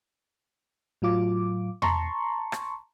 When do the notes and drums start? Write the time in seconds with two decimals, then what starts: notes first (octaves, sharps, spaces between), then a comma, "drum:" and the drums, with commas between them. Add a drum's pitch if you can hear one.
1.02 A2 F#3 F4 D6
1.82 A5 A#5 C6 C#6, drum: tom E2
2.52 drum: rim click